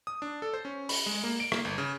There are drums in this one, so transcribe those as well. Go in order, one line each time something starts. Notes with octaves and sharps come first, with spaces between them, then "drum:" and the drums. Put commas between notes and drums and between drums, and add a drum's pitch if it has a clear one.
D#6
D4
A4
C5
C#4
B5, drum: open hi-hat
G#3
A#3
D7
A#3, drum: rim click
G1
C#3